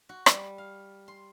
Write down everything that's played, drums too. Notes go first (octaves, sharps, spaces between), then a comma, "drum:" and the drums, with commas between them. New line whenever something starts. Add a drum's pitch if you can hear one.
F#4
G3, drum: rim click
F5
C6